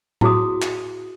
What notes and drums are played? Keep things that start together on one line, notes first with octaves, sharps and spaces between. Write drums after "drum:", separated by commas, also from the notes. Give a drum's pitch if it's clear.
E4 F#4 G#4 D#6, drum: tom A2
drum: clap